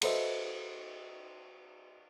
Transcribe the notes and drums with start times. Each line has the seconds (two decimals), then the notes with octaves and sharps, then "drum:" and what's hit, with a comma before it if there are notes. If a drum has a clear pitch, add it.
0.02 F#4 A4 B4 C5 D#5 E5, drum: cymbal